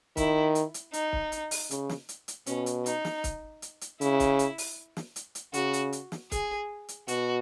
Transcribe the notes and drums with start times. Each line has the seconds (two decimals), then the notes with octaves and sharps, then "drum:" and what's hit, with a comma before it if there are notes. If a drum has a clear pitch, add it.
0.17 D#3 E4, drum: kick, hi-hat
0.55 drum: hi-hat
0.74 drum: hi-hat
0.93 D#4, drum: hi-hat
1.13 drum: kick
1.32 drum: hi-hat
1.51 drum: open hi-hat
1.71 C#3, drum: hi-hat
1.89 drum: snare
2.09 drum: hi-hat
2.28 drum: hi-hat
2.46 B2 C#4, drum: hi-hat
2.66 drum: hi-hat
2.86 D#4, drum: hi-hat
3.05 drum: snare
3.24 drum: kick, hi-hat
3.62 drum: hi-hat
3.81 drum: hi-hat
4.01 C#3 E4, drum: hi-hat
4.20 drum: kick, hi-hat
4.39 drum: hi-hat
4.58 drum: open hi-hat
4.97 drum: snare
5.16 drum: hi-hat
5.35 drum: hi-hat
5.54 C#3 F#4, drum: hi-hat
5.73 drum: hi-hat
5.93 drum: hi-hat
6.12 drum: snare
6.32 G#4, drum: kick, hi-hat
6.89 drum: hi-hat
7.08 B2 F#4, drum: hi-hat